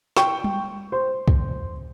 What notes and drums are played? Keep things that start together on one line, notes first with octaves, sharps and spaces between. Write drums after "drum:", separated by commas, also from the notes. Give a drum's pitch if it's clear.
G5 C#6, drum: snare
drum: tom G3
C5
drum: kick